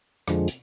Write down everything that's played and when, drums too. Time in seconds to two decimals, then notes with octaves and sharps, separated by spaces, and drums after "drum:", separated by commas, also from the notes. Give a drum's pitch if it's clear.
0.28 F2 D3 F3 G#3, drum: rim click
0.48 drum: hi-hat